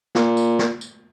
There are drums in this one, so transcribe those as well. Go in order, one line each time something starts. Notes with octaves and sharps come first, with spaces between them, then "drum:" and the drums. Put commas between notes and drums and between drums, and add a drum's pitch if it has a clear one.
A#2, drum: snare
drum: tambourine
drum: snare
drum: tambourine